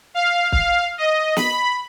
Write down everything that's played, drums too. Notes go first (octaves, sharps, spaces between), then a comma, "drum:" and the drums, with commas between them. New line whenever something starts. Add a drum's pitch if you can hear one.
F5
F5, drum: kick
D#5
B5, drum: snare